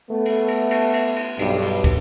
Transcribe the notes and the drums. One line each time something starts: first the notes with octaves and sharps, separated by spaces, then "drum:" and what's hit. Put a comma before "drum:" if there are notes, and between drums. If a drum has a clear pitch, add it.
A3 B3
drum: cymbal
drum: cymbal
drum: cymbal
drum: cymbal
drum: cymbal
B1 G2, drum: cymbal
drum: cymbal
drum: kick, cymbal